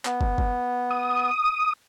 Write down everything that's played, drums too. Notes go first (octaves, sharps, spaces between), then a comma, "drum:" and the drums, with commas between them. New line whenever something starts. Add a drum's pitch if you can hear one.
B3, drum: clap
drum: kick
drum: kick
D#6